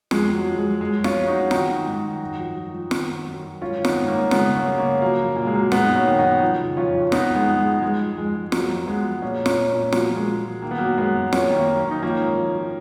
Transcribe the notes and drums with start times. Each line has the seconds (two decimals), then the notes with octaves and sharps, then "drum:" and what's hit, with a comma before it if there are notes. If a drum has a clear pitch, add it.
0.11 F2 G#3, drum: snare
0.28 F2
0.34 F#3
0.46 F3
0.58 G#3
0.63 F3
0.81 F#2 G#3
0.98 F#2
1.04 C#4 F4, drum: snare
1.16 F3
1.27 D#4 F#4
1.33 F#2
1.51 D#3 D#4 F#4, drum: snare
1.69 D#3
1.86 G#2
2.03 D#3
2.21 F#2
2.39 F3
2.56 F3
2.74 F3
2.91 D#3, drum: snare
3.09 D#3
3.26 F#2
3.44 F#2
3.62 G#2 C#4 F4
3.79 D#3
3.85 B3 D#4, drum: snare
3.97 G#2
4.08 A#3 C#4
4.14 G#2
4.31 C#3 G#3 B3, drum: snare
4.49 C#3
4.55 A#3 C#4
4.66 F#2
4.78 A#3 C#4
4.84 C#3
5.01 F3 F#3 A#3
5.19 F3
5.36 A#2 A#3
5.46 G#3
5.54 A#2 F#3 A#3
5.72 F#2 G#3 B3, drum: snare
5.84 D#4
5.89 F#2
5.95 A#3 C#4
6.07 D#3
6.19 B3 D#4
6.24 F#2
6.42 F3
6.60 C#3
6.77 F2 C#4 F4
6.95 F2
7.12 F3 B3 D#4, drum: snare
7.30 F3
7.35 G#3 B3
7.47 F3
7.59 G#3
7.65 G#2
7.82 F3 G#3
8.00 F3
8.17 F2 G#3
8.35 F2
8.52 F2 F#3 A#3, drum: snare
8.69 F2
8.87 F3 G#3 B3
9.05 F2
9.22 A#2 A#3 C#4
9.40 A#2
9.46 A#3 C#4, drum: snare
9.58 A#2
9.75 A#2
9.92 F3 F#3 A#3, drum: snare
10.10 F3
10.16 G#3
10.28 F3
10.45 F3
10.62 D#3 A#3
10.71 B3
10.78 F#2 F#3 A#3
10.97 F#2 G#3 B3
11.15 F#2
11.33 F#2 A#3 C#4, drum: snare
11.50 D#3
11.56 A#3 C#4
11.68 F#2
11.80 C#4
11.86 D#3
11.91 D#4
12.02 F3 A#3 C#4
12.21 G#2
12.38 F3
12.56 F3